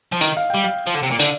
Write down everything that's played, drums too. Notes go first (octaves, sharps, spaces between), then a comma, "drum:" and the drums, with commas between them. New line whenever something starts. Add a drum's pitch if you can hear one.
F3
D#3 D#5, drum: hi-hat
F5
G3 G5
F5
F3
D3
C3
A#2
D3 D5, drum: hi-hat